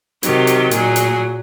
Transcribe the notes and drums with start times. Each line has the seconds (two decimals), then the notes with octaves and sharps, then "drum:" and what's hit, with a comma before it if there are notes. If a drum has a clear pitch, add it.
0.23 C3 D#3 F#3 G4, drum: hi-hat
0.47 drum: hi-hat
0.71 A#2 F#3 G#4, drum: hi-hat
0.96 drum: hi-hat